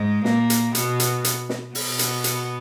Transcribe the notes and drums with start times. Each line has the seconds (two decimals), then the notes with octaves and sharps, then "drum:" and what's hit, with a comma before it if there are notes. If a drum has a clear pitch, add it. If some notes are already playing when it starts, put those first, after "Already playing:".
Already playing: G#2 G#3
0.25 A#2 A#3, drum: snare
0.50 drum: hi-hat
0.75 B2 B3, drum: hi-hat
1.00 drum: hi-hat
1.24 drum: hi-hat
1.49 drum: snare
1.75 B2 B3, drum: open hi-hat
1.99 drum: hi-hat
2.24 drum: hi-hat